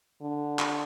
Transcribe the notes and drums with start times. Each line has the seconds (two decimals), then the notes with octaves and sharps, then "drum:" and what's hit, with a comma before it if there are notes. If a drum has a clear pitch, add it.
0.22 D3
0.59 drum: clap